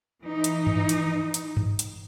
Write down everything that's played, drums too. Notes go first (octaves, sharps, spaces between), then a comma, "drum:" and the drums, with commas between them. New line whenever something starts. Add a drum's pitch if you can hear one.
E3 D#4
drum: hi-hat
drum: tom G2
drum: hi-hat
drum: hi-hat
drum: tom G2
drum: hi-hat